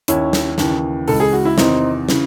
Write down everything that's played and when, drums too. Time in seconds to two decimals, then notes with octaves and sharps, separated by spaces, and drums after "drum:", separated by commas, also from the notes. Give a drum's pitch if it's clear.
0.08 D#2 D#3 C#4 E4, drum: hi-hat
0.33 drum: snare
0.58 D#2 C#3 E3, drum: snare
1.08 C#2 C#3 E3 A4, drum: open hi-hat
1.20 G#4
1.33 F#4
1.45 E4
1.58 E2 C3 D#3 C4 D#4, drum: snare
2.09 C#3 E3, drum: snare